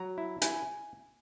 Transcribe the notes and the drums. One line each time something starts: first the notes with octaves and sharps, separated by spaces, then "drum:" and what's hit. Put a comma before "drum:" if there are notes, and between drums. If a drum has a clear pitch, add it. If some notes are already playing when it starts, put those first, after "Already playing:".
Already playing: F#3 A#5
E4
E4 G#5, drum: hi-hat